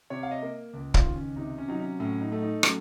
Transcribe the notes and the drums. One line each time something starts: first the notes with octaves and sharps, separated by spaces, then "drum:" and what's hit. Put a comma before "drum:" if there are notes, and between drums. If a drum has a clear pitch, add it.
C3 C#5
F5
D#5
A#3
C#2
F4, drum: kick
D#3
C#4
C3 D#4
C#4
F#3 D#4
C#4
A2 C#4
D#4
A3
D#4
F#3 C#4, drum: rim click